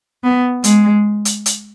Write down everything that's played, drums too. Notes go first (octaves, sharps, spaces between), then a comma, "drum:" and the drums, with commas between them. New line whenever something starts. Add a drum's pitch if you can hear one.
B3
G#3, drum: hi-hat
drum: hi-hat
drum: hi-hat